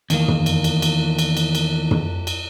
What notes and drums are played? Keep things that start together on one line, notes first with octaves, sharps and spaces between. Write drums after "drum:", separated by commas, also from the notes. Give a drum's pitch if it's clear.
E2 D#3 A#3, drum: cymbal
drum: tom
drum: cymbal
drum: cymbal
drum: cymbal
drum: cymbal
drum: cymbal
drum: cymbal
drum: tom
drum: cymbal